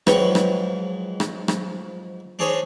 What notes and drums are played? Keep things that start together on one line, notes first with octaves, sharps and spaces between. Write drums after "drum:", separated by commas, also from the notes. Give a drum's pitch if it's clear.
G#2 F3 F#3 B4 G5 C#6, drum: rim click
drum: rim click
drum: rim click
drum: rim click
D4 D#4 G#4 C5 C#5 D#5